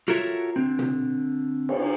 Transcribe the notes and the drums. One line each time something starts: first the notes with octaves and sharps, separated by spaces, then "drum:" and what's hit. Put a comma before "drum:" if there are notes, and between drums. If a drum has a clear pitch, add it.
F4 F#4 A4 A#4 C#5 E5
D3 C4
drum: tom
drum: cymbal